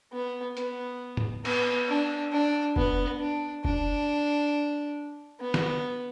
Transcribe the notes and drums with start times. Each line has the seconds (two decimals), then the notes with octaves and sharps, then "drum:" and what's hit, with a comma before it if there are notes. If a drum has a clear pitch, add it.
0.13 B3
0.57 B3, drum: hi-hat
1.17 drum: tom
1.45 B3, drum: cymbal
1.89 D4
2.32 D4
2.76 B3, drum: kick
3.20 D4
3.65 D4, drum: kick
5.40 B3
5.54 drum: snare